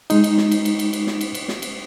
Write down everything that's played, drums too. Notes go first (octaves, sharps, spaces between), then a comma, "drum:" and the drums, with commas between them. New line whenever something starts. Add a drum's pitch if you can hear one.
G#3 D#4, drum: cymbal
drum: cymbal
drum: snare
drum: cymbal
drum: cymbal
drum: cymbal
drum: cymbal
drum: snare
drum: cymbal
drum: cymbal
drum: snare
drum: cymbal